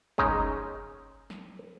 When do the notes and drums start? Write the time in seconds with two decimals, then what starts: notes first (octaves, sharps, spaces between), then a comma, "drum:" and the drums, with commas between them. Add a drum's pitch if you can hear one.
0.18 G#3 C#4 D#4, drum: kick
1.30 drum: snare